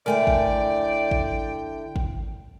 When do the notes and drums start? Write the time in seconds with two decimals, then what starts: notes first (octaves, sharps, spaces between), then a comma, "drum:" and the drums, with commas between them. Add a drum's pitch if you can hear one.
0.06 D3 A3 E4 A#4 D5 G5 G#5
0.27 drum: kick
1.11 drum: kick
1.96 drum: kick